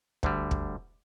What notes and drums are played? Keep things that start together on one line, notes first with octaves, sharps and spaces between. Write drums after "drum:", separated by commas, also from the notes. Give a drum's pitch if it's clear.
D2 D3 G3, drum: kick
drum: kick